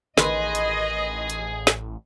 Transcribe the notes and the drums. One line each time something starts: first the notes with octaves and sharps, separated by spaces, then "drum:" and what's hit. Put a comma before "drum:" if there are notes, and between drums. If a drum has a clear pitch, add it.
A1 D#3 G#4 B4 D#5 C6, drum: snare
drum: hi-hat
drum: hi-hat
drum: snare